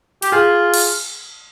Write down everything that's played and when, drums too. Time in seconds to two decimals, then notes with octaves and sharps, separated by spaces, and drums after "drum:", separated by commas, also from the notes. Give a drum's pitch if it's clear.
0.22 G4, drum: hi-hat
0.32 F4 G#4
0.74 drum: cymbal